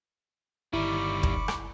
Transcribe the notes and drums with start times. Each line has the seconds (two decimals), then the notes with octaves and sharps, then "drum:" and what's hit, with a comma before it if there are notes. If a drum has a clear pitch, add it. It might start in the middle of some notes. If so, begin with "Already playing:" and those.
0.73 G1 D#3 G3 E4 B5 C#6 D6
1.23 drum: kick
1.48 drum: rim click